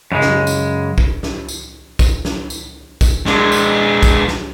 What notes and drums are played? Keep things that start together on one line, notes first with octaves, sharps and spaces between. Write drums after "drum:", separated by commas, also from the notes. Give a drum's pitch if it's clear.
F#2 C#3 G#3
drum: snare
drum: tambourine
drum: kick
drum: snare
drum: tambourine
drum: kick, tambourine
drum: snare
drum: tambourine
drum: kick, tambourine
G#3 D4, drum: snare
drum: tambourine
drum: kick, tambourine
drum: snare